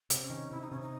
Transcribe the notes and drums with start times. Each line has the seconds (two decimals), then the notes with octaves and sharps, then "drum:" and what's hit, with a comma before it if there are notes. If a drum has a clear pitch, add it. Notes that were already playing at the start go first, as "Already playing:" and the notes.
0.10 C3, drum: hi-hat
0.21 C#4
0.30 D#3
0.51 C3 E4
0.61 D#4
0.71 C3 C#4
0.81 D#4